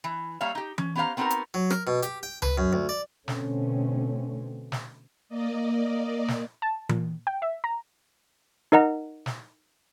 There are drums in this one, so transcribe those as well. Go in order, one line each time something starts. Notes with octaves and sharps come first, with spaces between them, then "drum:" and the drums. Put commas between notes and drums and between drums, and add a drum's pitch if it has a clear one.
E3
G3 A#3 C#5 E5 F5
D#4 G4
C#4, drum: tom E3
B3 C#4 G4 C5 F5 A#5
B3 C4 D#4 F4 F#4 A#4
drum: hi-hat
F#3
A#4, drum: rim click
B2
G4, drum: hi-hat
G5
B4, drum: tom C#2
F#2
D2
D5
B2 D3 A3 C4 C#4, drum: snare
drum: snare
A#3 D5 D#5
drum: snare
A5
A#2, drum: tom E3
G5
E5
A#5
D#4 A#4 D#5 F#5 A#5
drum: snare